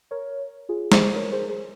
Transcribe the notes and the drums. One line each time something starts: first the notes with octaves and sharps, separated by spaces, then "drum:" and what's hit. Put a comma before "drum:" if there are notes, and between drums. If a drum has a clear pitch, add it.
A#4 C#5
F4 G#4
G#4 C5, drum: snare
A#4 C#5
G#4 C5
G#4 C5